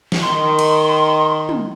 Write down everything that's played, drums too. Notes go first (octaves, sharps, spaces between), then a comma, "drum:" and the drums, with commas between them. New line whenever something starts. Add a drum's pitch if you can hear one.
drum: snare
D#3 C6
drum: cymbal
drum: tom